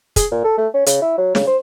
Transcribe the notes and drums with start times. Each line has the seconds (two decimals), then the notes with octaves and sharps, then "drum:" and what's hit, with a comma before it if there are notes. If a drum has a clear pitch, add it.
0.16 G#4, drum: kick, hi-hat
0.32 A#2
0.44 A4
0.58 A3
0.74 C#4
0.86 C#3, drum: hi-hat
1.02 E4
1.18 F#3
1.35 C#3, drum: snare
1.47 C5